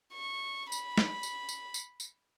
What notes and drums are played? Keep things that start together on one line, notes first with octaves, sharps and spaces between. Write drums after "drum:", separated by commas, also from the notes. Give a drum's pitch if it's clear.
C#6
B5, drum: tambourine
drum: snare
drum: tambourine
drum: tambourine
drum: tambourine
drum: tambourine